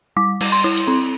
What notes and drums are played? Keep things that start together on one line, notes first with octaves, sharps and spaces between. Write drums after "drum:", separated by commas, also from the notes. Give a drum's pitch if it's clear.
G3 D6
G3, drum: cymbal
C6
E4
drum: hi-hat
C4